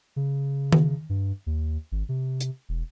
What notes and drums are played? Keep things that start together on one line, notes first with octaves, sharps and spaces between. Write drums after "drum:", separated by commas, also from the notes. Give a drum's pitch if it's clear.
C#3
drum: tom D#3
G2
D#2
G#1
C3
drum: hi-hat
E1